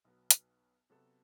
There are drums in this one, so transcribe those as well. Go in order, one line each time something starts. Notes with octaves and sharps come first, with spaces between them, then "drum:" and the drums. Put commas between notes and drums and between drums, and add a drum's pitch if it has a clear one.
B1 B2 F#3 B3
drum: hi-hat
C3 F#3 B3 F#4 A4